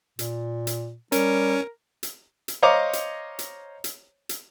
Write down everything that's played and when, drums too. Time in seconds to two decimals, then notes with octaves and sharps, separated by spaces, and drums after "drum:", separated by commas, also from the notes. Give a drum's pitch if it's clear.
0.19 A#2, drum: hi-hat
0.67 drum: hi-hat
1.12 G3 C#4 A#4, drum: hi-hat
2.03 drum: hi-hat
2.48 drum: hi-hat
2.62 C5 C#5 D#5 F5 A#5 D6
2.93 drum: hi-hat
3.39 drum: hi-hat
3.84 drum: hi-hat
4.29 drum: hi-hat